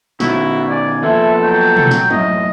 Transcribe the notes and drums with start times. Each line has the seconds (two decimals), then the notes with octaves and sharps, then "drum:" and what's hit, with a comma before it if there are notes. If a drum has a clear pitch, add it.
0.20 B2 D#3 E4 F#4, drum: snare
0.69 D5 G#5
1.03 F3 A#3 B3 A4 E5
1.43 F#3 G5
1.77 drum: tom
1.91 drum: snare
2.11 F#2 A2 D#5, drum: tom